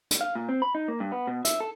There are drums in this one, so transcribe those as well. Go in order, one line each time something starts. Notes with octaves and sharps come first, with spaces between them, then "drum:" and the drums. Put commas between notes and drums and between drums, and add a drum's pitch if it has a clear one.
drum: hi-hat
F5
A#2
C4
B5
D#4
A#3
G2
B3
B2
E5, drum: hi-hat
A4